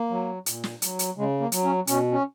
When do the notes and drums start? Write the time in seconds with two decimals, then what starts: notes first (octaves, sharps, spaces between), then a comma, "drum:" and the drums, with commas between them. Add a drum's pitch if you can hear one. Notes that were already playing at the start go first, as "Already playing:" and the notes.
Already playing: A#3
0.10 F#3
0.46 A#2, drum: hi-hat
0.64 drum: snare
0.82 F#3, drum: hi-hat
0.99 drum: hi-hat
1.17 C#3 G#3
1.40 A#3
1.52 F#3, drum: hi-hat
1.64 C#4
1.87 B2 C#4, drum: hi-hat
2.12 C#4